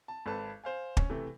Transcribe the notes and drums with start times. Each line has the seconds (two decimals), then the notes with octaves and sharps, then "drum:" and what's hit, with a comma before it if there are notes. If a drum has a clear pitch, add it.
0.08 A5
0.26 G#1 A4 B4 A5
0.64 C5 F5 G#5
0.97 C#4, drum: kick
1.10 C3 E3 A3